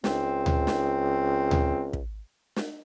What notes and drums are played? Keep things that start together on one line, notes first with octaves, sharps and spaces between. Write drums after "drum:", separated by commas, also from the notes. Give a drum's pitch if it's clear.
C#2 C4, drum: snare
drum: tom D2
drum: snare
drum: tom D2
drum: kick
drum: snare